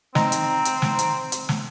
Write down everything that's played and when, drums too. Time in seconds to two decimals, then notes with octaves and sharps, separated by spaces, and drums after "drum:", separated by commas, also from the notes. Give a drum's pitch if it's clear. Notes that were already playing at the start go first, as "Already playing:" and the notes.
0.15 C4 D#4 A#5, drum: snare
0.32 drum: hi-hat
0.65 drum: hi-hat
0.82 drum: snare
0.99 drum: hi-hat
1.32 drum: hi-hat
1.49 drum: snare